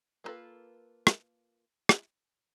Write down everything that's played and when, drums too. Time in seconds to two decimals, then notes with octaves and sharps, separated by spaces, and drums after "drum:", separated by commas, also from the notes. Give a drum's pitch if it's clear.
0.24 A#3 B3 F4 A4 B4
1.07 drum: rim click
1.89 drum: rim click